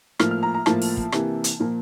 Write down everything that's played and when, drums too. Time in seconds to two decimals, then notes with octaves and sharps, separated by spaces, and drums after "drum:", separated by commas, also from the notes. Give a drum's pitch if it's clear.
0.19 A2 F3 A#3 F6, drum: rim click
0.31 F6
0.43 A#5
0.54 A#5
0.66 A2 F3 A#3 A5, drum: rim click
0.82 drum: open hi-hat
0.97 drum: kick
1.12 C3 E3 A#3, drum: rim click
1.44 drum: hi-hat
1.59 A#2 F3 A#3